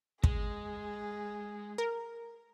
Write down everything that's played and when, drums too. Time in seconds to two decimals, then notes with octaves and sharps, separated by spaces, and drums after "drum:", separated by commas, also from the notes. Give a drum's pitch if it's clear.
0.24 G#3 G#4, drum: kick
1.78 A#4